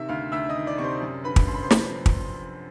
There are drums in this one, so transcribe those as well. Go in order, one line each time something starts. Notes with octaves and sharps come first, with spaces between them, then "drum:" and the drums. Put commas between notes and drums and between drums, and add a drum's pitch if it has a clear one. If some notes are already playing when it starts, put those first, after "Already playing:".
Already playing: C3 D#3 E5 E6
D2 F5 F6
D2 E5 E6
D#5 D#6
D#3
D5 D6
C3 C#6
C5 C6
F#2
D3 B4 B5
drum: kick
F#2 C6
B5
C5 C6
F3 B4 B5, drum: snare
drum: kick